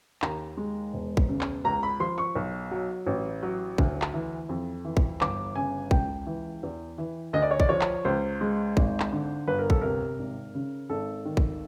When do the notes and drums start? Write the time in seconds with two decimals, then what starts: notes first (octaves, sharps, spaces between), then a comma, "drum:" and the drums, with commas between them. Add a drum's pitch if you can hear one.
0.22 D#2 A#5, drum: clap
0.57 G#3
0.93 E1
1.17 drum: kick
1.29 C#3
1.41 drum: clap
1.64 C#2 A#5
1.83 B5
2.00 F3 C6
2.18 C#6
2.35 B1
2.71 F#3
3.06 A1
3.43 F#3
3.78 D2, drum: kick
4.02 drum: clap
4.14 E3
4.49 F2
4.85 E3
4.97 drum: kick
5.21 G1 D6, drum: clap
5.55 C#3 G#5
5.91 C#2 G5, drum: kick
6.27 E3
6.63 E2
6.98 E3
7.33 D2 D#5
7.42 D5
7.51 C#5
7.60 D5, drum: kick
7.69 F3 C#5
7.81 drum: clap
8.05 C#2 C5
8.41 G#3
8.77 G#1, drum: kick
9.00 drum: clap
9.12 D3
9.47 G1 B4
9.59 A#4
9.70 A4, drum: kick
9.81 C3 A#4
10.19 G#1
10.55 C#3
10.90 G#1 A4
11.25 D#3
11.37 drum: kick